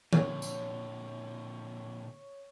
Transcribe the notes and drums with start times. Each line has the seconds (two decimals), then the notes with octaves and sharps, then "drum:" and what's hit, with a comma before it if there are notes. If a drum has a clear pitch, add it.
0.13 A#2 D3 C#5, drum: tom D3
0.42 drum: tambourine